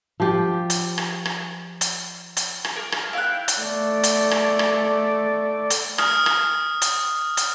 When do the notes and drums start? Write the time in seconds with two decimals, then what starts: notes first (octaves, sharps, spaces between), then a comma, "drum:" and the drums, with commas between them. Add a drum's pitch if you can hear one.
0.20 F3 G4
0.70 drum: hi-hat
0.98 drum: rim click
1.25 drum: rim click
1.81 drum: hi-hat
2.37 drum: hi-hat
2.65 drum: rim click
2.76 A#4
2.92 drum: rim click
3.13 E4 F5 G5 F#6
3.48 drum: hi-hat
3.59 A3 D5
4.04 drum: hi-hat
4.31 drum: rim click
4.59 drum: rim click
5.70 drum: hi-hat
5.98 D#6 F6, drum: rim click
6.26 drum: rim click
6.82 drum: hi-hat
7.37 drum: hi-hat